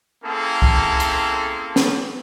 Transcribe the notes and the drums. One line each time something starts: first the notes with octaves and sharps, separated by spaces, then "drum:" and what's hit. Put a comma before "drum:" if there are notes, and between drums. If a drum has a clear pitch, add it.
A#3 C4 C#4 E4 G#4 A4
drum: kick C2
drum: hi-hat
drum: snare